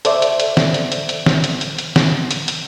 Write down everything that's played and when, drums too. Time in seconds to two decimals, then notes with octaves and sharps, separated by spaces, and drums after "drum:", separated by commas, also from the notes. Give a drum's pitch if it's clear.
0.05 A4 C5 D5 E5, drum: hi-hat
0.22 drum: hi-hat
0.40 drum: hi-hat
0.57 drum: snare
0.74 drum: hi-hat
0.92 drum: hi-hat
1.09 drum: hi-hat
1.26 drum: snare
1.44 drum: hi-hat
1.61 drum: hi-hat
1.79 drum: hi-hat
1.96 drum: snare
2.31 drum: hi-hat
2.48 drum: hi-hat